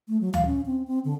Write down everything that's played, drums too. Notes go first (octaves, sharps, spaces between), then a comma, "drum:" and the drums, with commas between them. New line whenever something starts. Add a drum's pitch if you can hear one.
A3
F#3
F5, drum: tom D2
C#4
C4
C4
D3